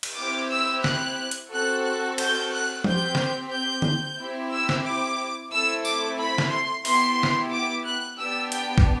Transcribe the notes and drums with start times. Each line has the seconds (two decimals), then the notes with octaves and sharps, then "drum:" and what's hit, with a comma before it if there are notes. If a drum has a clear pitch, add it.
0.03 drum: cymbal
0.18 C4 E4 G4 D6
0.51 E6
0.84 F#6, drum: snare
1.31 drum: hi-hat
1.51 C4 F#4 A4 F#6
1.84 F#6
2.18 G6, drum: cymbal
2.51 F#6
2.84 C4 G4 G6, drum: tom F3
3.15 drum: snare
3.51 G6
3.82 drum: tom D3
4.18 C4 E4 G4
4.51 E6
4.69 drum: snare
4.85 D6
5.51 A3 C4 E4 A4 E6
5.85 D6, drum: tambourine
6.18 B5
6.38 drum: snare
6.51 C6
6.85 B3 E4 G4 C6, drum: open hi-hat
7.23 drum: snare
7.51 D6
7.85 F#6
8.18 B3 D4 G4 E6
8.52 G5, drum: hi-hat
8.78 drum: kick